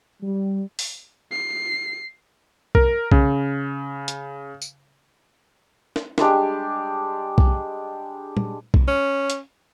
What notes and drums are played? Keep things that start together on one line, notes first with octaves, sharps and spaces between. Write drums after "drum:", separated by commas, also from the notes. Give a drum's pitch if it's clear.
G3
drum: open hi-hat
C7
A#4, drum: kick B1
C#3, drum: kick B1
drum: hi-hat
drum: tambourine
drum: snare
G3 G#3 D4 G4, drum: snare
drum: kick B1
drum: tom
drum: kick B1
C#4
drum: hi-hat